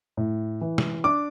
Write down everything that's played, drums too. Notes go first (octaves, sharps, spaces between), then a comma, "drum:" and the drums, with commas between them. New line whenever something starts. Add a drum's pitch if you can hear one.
A2
E3
drum: snare
D4 D6